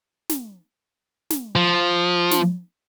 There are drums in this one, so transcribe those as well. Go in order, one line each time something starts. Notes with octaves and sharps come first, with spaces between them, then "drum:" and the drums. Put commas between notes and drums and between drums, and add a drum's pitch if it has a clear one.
drum: snare
drum: snare
F3
drum: snare